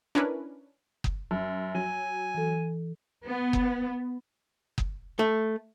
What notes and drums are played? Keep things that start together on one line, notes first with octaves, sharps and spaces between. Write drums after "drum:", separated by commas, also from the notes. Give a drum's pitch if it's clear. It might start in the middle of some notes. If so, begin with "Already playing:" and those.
C#4 D4 E4 A#4 B4
drum: kick F#1
F#2
F#3 G#5
E3 A4
B3
drum: kick F#1
drum: kick F#1
A3